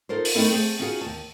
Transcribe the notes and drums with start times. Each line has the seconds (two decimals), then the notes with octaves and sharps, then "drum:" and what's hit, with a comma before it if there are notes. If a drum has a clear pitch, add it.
0.09 D#4 F4 A4 A#4 C5
0.25 drum: open hi-hat
0.35 A3 C4 D#4 E4 A4 A#4
0.51 A3 C4 G#4 C5
0.80 C#4 D#4 F4 F#4 G#4
1.01 D#2 A5